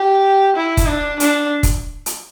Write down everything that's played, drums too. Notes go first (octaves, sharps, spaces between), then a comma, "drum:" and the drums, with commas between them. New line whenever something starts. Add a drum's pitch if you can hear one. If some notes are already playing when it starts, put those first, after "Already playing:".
Already playing: G4
E4
drum: kick, hi-hat
D4
D4, drum: hi-hat
drum: kick, hi-hat
drum: hi-hat